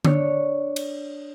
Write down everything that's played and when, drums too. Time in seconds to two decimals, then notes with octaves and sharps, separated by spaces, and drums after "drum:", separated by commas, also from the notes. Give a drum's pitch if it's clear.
0.05 D4 C#5, drum: tom D3
0.76 drum: cymbal